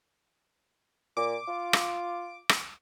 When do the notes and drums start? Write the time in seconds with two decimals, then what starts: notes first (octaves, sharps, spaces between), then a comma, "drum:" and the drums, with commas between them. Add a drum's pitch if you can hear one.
1.17 A#2 D6
1.48 F4
1.73 drum: rim click
2.49 drum: rim click